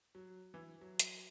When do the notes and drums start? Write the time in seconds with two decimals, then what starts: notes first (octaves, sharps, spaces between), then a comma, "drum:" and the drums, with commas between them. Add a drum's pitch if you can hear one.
0.15 F#3
0.54 E3
0.81 F#3
1.00 drum: hi-hat